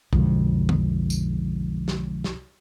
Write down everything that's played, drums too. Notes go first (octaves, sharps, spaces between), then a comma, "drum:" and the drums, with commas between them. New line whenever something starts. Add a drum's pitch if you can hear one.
B1 F2 D3 F3 G#3, drum: kick
drum: tom
drum: tambourine
drum: snare
drum: snare